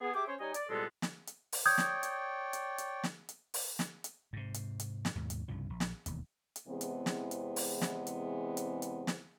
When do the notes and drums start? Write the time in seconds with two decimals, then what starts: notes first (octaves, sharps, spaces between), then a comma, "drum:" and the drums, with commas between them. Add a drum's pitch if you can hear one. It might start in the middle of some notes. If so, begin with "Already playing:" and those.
0.01 B3 G#4
0.14 G4 G#4 E5 G5 D6
0.27 C#4 C5 C#5
0.40 G3 D#4 C#5 D#5 G#5
0.54 D5, drum: hi-hat
0.69 C2 A#2 G3 G#3 B3 A4
1.02 drum: snare
1.27 drum: hi-hat
1.52 drum: open hi-hat
1.66 C#5 D5 G5 D#6 G6 G#6
1.78 drum: snare
2.03 drum: hi-hat
2.53 drum: hi-hat
2.78 drum: hi-hat
3.03 drum: snare
3.29 drum: hi-hat
3.54 drum: open hi-hat
3.79 drum: snare
4.04 drum: hi-hat
4.33 G#2 C3
4.54 drum: hi-hat
4.80 drum: hi-hat
5.05 drum: snare
5.15 D#2 G#2 B2
5.30 drum: hi-hat
5.48 C2 G2 C#3 F3
5.70 A#1
5.80 drum: snare
6.06 E1 D#2, drum: hi-hat
6.56 drum: hi-hat
6.67 E2 C3 E3 G#3 B3 C4
6.81 drum: hi-hat
7.06 drum: snare
7.31 drum: hi-hat
7.56 drum: open hi-hat
7.81 drum: snare
8.07 drum: hi-hat
8.57 drum: hi-hat
8.82 drum: hi-hat
9.07 drum: snare